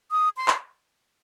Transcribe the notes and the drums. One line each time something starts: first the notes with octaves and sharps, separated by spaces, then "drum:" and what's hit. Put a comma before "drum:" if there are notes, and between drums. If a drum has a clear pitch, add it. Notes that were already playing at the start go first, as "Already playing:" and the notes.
D#6
C6
drum: clap